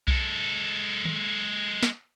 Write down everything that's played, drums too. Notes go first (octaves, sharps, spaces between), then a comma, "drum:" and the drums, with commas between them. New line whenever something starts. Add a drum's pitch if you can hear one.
G#3 A4, drum: kick B1
drum: tom D#3
drum: snare